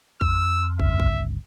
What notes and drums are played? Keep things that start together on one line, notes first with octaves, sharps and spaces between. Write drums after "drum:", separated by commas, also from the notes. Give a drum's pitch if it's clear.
F2 E6, drum: kick
G1 C#2 E5, drum: kick
drum: kick